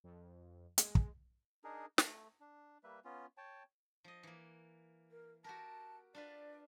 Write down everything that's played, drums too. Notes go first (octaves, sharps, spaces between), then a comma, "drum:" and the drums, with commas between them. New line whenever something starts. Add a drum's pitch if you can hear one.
F2
G#3, drum: hi-hat
drum: kick
D4 D#4 G#4 A#4
A3, drum: snare
D4
G3 A#3 B4 E5
B3 C#4 F4
C#5 G5 A5
F3 D#5
E3 A#3
A#4
F#4 G4 A#4 A5
D4 F4 B4 D5